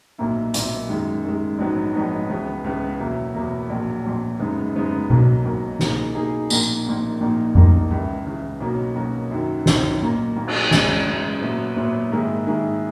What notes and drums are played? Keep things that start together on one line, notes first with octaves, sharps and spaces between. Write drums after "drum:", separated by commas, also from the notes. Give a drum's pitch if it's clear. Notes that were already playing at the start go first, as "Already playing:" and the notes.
B1 A#2 A#3 E4
B1 A#2 A#3 E4, drum: hi-hat
F#2 D#3 G#3
F#2 D#3 G#3
A#1 G#2 F#3 B3 D#4
A#1 G#2 F#3 B3 D#4
C#2 C#3 E3 B3
C#2 C#3 E3 B3
E2 B2 F#3 A#3 E4
E2 B2 F#3 A#3 E4
A#1 A#2 F#3
A#1 A#2 F#3
F#2 C#3 G#3 B3 D#4
F#2 C#3 G#3 B3 D#4
B1 B2 F#3 A#3, drum: tom B2
B1 B2 F#3 A#3
B2 A#3 D#4 G#4, drum: snare
B2 A#3 D#4 G#4
A#1 A#2 A#3 D#4, drum: tambourine
A#1 A#2 A#3 D#4
A#1 A#2 A#3 D#4
A#1 A#2 A#3 D#4, drum: tom F2
C#2 C#3 E3
C#2 C#3 E3
B1 B2 A#3 C#4 F#4
B1 B2 A#3 C#4 F#4
F#2 D#3 F#3
F#2 D#3 F#3, drum: snare
B1 A#2 A#3
B1 A#2 A#3
drum: cymbal
F#2 C#3 E3 G#3, drum: snare
F#2 C#3 E3 G#3
A#2 F#3 B3 E4
A#2 F#3 B3 E4
G#2 D#3 A#3 E4 G#4
G#2 D#3 A#3 E4 G#4